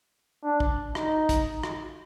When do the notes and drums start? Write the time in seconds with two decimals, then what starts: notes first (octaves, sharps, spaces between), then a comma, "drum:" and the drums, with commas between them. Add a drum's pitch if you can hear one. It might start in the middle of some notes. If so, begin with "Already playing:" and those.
0.43 D4
0.60 drum: kick
0.95 D#4, drum: rim click
1.29 drum: kick, hi-hat
1.63 drum: rim click